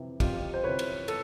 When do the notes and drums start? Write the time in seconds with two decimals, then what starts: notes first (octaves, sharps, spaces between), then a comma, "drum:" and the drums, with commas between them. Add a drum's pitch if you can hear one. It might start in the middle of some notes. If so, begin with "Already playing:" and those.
Already playing: F2 C3 E3
0.20 F2 F4 G4, drum: kick, cymbal
0.54 C5
0.64 C3 E3 B4 C#5
0.79 drum: cymbal
1.08 A4, drum: cymbal